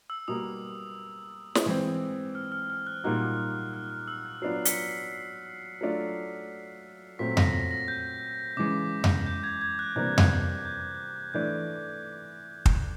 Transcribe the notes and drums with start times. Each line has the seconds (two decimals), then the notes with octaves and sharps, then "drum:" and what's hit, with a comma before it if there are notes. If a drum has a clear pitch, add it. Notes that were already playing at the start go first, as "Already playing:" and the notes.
0.10 E6
0.28 B2 G3 A#3 D#6
1.55 drum: snare
1.66 E3 G#3 C4
2.35 F6
2.52 F6
2.70 F6
2.87 F#6
3.04 A#2 G3 A#3 D#4 F#4 F#6
3.73 F6
3.90 F6
4.08 E6
4.26 F#6
4.42 F#3 B3 D4 F4 C7
4.65 B6 C#7, drum: hi-hat
4.89 C7
5.12 C7
5.81 F#3 A3 D4 F4
7.19 A#2 F#3 A3 C4 B6
7.37 A#6, drum: tom F2
7.54 A#6
7.71 A#6
7.88 G6
8.57 C#3 E3 G#3 D6
9.04 drum: tom F2
9.26 G6
9.43 G#6
9.61 G#6
9.79 F#6
9.96 C3 E3 G3 A#3 D4 F#6
10.18 drum: tom F2
10.65 G6
11.34 E3 A3 D4 G6
12.66 drum: kick